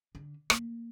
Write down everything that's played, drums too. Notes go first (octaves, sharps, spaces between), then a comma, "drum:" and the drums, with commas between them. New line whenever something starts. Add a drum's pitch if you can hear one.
D3
A#3, drum: rim click